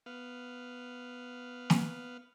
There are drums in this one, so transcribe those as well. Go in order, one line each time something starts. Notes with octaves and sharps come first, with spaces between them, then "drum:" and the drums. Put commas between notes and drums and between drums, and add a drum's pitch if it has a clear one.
B3 F5
drum: snare